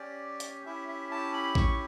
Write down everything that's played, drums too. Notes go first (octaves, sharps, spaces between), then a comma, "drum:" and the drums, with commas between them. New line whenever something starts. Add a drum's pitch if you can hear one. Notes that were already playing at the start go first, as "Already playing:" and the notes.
Already playing: C#4 G4 D5
drum: hi-hat
C#4 E4 G4 E5
E5
A5
B5
C#6, drum: kick A#1